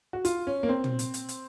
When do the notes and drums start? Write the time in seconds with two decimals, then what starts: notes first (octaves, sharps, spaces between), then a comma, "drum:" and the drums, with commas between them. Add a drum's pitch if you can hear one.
0.13 F#4
0.25 F4, drum: hi-hat
0.47 C#4
0.63 A#3
0.69 C4
0.84 drum: tom
0.99 drum: hi-hat
1.14 drum: hi-hat
1.29 drum: hi-hat